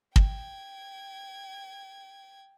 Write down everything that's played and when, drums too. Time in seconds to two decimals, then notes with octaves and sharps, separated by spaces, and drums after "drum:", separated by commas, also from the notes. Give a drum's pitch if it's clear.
0.16 G5 G#6, drum: kick